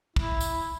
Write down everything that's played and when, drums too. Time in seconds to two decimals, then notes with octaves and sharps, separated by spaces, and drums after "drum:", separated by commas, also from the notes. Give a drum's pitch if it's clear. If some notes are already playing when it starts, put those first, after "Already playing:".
0.16 E4, drum: kick
0.41 drum: tambourine